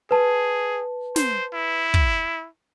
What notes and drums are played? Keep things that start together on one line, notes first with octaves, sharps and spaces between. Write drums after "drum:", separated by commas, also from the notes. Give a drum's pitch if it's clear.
G#4 B4 A5
C5, drum: snare
E4
drum: kick